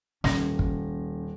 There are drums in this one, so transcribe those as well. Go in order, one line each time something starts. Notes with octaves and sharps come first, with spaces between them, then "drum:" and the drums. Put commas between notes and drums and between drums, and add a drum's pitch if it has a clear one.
D#1 C#4 A#6, drum: snare
drum: kick